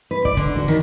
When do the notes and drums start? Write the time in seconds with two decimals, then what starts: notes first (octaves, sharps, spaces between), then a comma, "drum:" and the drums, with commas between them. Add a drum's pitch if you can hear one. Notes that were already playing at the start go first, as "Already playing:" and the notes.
0.11 B4
0.25 D5, drum: kick
0.37 D3, drum: kick
0.56 F#4
0.68 D#3